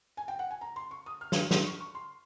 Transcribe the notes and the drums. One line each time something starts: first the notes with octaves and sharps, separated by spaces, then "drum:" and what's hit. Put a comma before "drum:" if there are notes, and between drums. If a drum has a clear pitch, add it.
G#5
G5
F#5
G#5
A#5
C6
C#6
D#6
F6
drum: snare
C6, drum: snare
C#6
C#6
C6